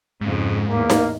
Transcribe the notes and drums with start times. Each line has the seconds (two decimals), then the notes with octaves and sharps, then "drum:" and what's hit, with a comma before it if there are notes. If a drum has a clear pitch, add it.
0.21 F2 G#2 C#3
0.69 E2 A2 A#3
0.90 drum: snare D#4